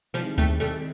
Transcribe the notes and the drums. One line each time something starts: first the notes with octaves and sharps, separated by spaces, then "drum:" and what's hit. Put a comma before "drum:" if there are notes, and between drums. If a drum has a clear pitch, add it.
D#3 F3 G3 G#3 C4 E4
G3 A3, drum: kick D2
G3 A3